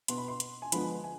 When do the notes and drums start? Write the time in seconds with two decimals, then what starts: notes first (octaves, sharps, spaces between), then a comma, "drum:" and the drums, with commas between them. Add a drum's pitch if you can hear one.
0.08 B2 B3 C6, drum: hi-hat
0.18 B5
0.28 C6
0.40 drum: hi-hat
0.62 G#5
0.72 D3 F3 G#3 B3 B5, drum: hi-hat
1.04 G#5